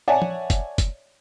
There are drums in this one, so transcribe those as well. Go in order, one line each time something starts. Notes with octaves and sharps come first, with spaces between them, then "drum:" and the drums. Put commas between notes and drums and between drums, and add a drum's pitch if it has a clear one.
C#5 D5 E5 F#5 G#5 A5
drum: tom F3
drum: kick, hi-hat
drum: kick, hi-hat